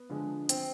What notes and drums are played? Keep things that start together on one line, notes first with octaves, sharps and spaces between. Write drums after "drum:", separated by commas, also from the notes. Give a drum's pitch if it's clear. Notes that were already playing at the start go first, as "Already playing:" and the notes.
Already playing: B3
D3 F3 G#3
C4, drum: hi-hat